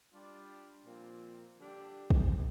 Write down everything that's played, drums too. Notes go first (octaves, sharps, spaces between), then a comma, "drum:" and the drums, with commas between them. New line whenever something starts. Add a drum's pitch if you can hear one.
G3 D4 F4
A#2 F3 C4
D3 G3 D4 G4
drum: kick